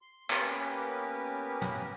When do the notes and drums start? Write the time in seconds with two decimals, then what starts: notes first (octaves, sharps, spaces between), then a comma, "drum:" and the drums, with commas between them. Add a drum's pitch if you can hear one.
0.02 C6
0.30 A#3 B3 C#4 G4 A#4 B4, drum: clap
1.61 drum: tom